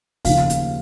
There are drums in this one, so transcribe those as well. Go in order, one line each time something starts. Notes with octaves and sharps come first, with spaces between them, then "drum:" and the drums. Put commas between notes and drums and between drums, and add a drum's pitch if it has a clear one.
D#2 C#3 F3 F5, drum: kick, open hi-hat
drum: hi-hat